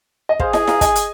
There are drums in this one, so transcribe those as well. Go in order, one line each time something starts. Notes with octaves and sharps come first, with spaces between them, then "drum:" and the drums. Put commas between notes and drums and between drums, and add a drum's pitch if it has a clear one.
D#5
G#4 C5 F5, drum: kick
D#5 G#5, drum: snare
F5 A#5, drum: snare
D#5 G#5, drum: kick, hi-hat
drum: hi-hat